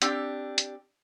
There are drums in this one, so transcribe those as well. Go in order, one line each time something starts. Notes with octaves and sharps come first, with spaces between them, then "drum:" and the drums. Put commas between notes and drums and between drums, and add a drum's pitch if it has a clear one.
C4 D4 G4 G5, drum: hi-hat
drum: hi-hat